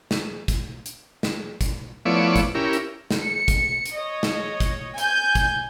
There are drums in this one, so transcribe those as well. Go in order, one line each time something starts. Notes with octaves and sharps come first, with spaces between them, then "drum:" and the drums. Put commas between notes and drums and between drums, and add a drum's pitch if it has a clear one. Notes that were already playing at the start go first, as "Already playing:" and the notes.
drum: snare
drum: kick, hi-hat
drum: hi-hat
drum: snare
drum: kick, hi-hat
F3 A3 B3 E4 C#5 D5
drum: kick, hi-hat
C#4 E4 G4 A#4
drum: hi-hat
drum: snare
C#7
drum: kick, hi-hat
drum: hi-hat
C#5 D#5
drum: snare
drum: kick, hi-hat
G#5 G6, drum: hi-hat
drum: kick, hi-hat